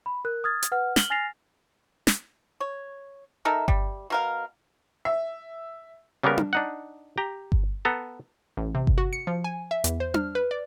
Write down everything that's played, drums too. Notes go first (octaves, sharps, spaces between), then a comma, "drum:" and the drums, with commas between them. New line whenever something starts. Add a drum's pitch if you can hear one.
B5
A#4 F#6
D#6 F6 G#6 A6
drum: hi-hat
B4 F#5 F6
F6 F#7 G7, drum: snare
G#5 F6 A6 A#6 C7 F7
drum: snare
C#5
D#4 A4 A#4 E5
G3, drum: kick G1
B2 A#4 F5
E5
C#3 G3 A#3 B3 A#4
drum: tom D4
D4 D#4 F#5
G4 A#5
drum: kick G1
B3 A4 A#5
A1
C3
drum: kick G1
F#4
C#7
F3
G#5
E5
E2, drum: hi-hat
C5
F6, drum: tom D4
B4
D5